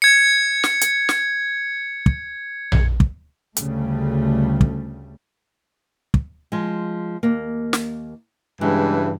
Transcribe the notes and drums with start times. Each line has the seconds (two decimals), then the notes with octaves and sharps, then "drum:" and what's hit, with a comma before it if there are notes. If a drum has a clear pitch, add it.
0.02 G#6 C#7
0.64 drum: snare
0.81 drum: hi-hat
1.09 drum: snare
2.06 drum: kick
2.72 drum: tom A#1
3.00 drum: kick
3.57 D2 C#3 G3 A3, drum: hi-hat
4.61 drum: kick
6.14 drum: kick
6.52 F3 G#3
7.23 D#2 A#3
7.73 drum: snare
8.61 G2 C#3 E3 G#3